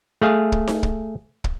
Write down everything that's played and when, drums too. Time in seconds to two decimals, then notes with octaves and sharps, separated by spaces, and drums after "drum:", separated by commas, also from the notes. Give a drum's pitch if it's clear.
0.22 A3 G#4 F5
0.52 drum: kick
0.68 drum: snare D#4
0.83 drum: kick
1.44 drum: kick